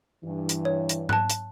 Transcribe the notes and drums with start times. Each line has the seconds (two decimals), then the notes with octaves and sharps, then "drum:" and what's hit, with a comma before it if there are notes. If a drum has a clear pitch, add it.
0.23 G2 E3
0.49 drum: hi-hat
0.65 C#5
0.89 drum: hi-hat
1.09 A5 F#6, drum: tom G#2
1.29 drum: hi-hat